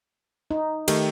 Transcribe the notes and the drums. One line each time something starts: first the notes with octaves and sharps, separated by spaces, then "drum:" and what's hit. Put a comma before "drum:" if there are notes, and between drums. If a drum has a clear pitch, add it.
D#4
D#3 A3 G4, drum: cymbal